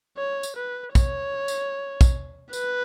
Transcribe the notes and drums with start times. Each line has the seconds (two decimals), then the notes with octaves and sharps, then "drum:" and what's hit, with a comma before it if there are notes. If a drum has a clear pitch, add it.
0.18 C#5
0.43 drum: tambourine
0.57 B4
0.95 C#5, drum: kick, tambourine
1.48 drum: tambourine
2.01 drum: kick, tambourine
2.53 B4, drum: tambourine